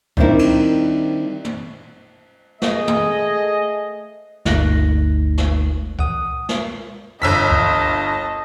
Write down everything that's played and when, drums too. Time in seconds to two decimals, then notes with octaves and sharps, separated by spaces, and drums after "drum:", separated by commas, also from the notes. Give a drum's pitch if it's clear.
0.17 D#3 G3 C4 D4 E4 A#4, drum: kick C#2
0.39 drum: cymbal
1.45 drum: tom
2.62 A3 G#4 D#5, drum: snare
2.88 drum: tom
4.45 G1 D2 A3 D#4 F#6 A#6, drum: snare
5.38 drum: snare
5.99 F#5 D#6, drum: kick C#2
6.49 drum: snare
7.22 G1 D#5 A5 E6 B6
7.50 drum: kick C#2